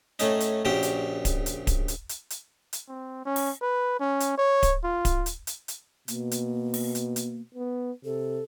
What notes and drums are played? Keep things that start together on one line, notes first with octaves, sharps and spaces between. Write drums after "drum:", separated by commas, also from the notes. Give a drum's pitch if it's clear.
A2 A3 C#4 D#4, drum: hi-hat
drum: hi-hat
A#1 A#2 C#3 F#4 G4 G5
drum: hi-hat
drum: kick D1, hi-hat
drum: hi-hat
drum: kick D1, hi-hat
drum: hi-hat
drum: hi-hat
drum: hi-hat
drum: hi-hat
C4
C#4
drum: open hi-hat
B4
C#4
drum: hi-hat
C#5
drum: kick D1, hi-hat
F4
drum: kick D1, hi-hat
drum: hi-hat
drum: hi-hat
drum: hi-hat
B2 A#3, drum: hi-hat
drum: hi-hat
drum: open hi-hat
drum: hi-hat
drum: hi-hat
B3
C3 A4